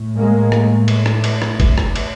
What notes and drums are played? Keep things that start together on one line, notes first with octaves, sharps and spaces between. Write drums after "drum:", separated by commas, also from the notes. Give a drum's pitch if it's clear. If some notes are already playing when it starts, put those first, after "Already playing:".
Already playing: A2
G#3 A#3
drum: rim click
drum: cymbal
drum: rim click
drum: cymbal
drum: rim click
drum: kick, cymbal
drum: rim click
drum: cymbal